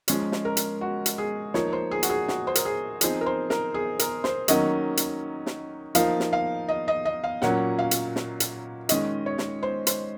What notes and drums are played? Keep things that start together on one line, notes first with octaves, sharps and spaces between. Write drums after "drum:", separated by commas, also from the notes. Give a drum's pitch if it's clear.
F3 G#3 C#4, drum: hi-hat
drum: snare
A#4
drum: hi-hat
F#4
drum: hi-hat
G#4
F3 A#3 D#4 C#5, drum: snare
C5
G#4
F#4, drum: hi-hat
G#4
F#4, drum: snare
C5
A#4, drum: hi-hat
G#4
F3 C4 D#4 G#4, drum: hi-hat
A#4
C5
A#4, drum: snare
G#4
A#4, drum: hi-hat
C5, drum: snare
D#3 F#3 A#3 C#4 D#5, drum: hi-hat
drum: hi-hat
drum: snare
F3 A#3 D#4 F5, drum: hi-hat
drum: snare
F5
D#5
D#5
D#5
F5
A#2 F#3 A#3 C#4 F#5, drum: snare
F5
drum: hi-hat
drum: snare
drum: hi-hat
D#3 G#3 C#4 D#5, drum: hi-hat
C#5
drum: snare
C5
C5, drum: hi-hat